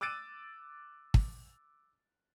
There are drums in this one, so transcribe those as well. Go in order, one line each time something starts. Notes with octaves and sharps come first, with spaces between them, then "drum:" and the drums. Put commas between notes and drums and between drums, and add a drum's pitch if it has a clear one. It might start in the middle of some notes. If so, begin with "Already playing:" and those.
D6 E6 F#6 A6 D7 D#7
drum: kick